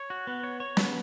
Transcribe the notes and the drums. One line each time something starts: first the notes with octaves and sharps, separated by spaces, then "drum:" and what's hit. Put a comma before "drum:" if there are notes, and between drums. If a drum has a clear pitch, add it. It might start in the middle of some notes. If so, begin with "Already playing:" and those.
Already playing: C#5
F#4
B3
C#5
C#5
B3, drum: snare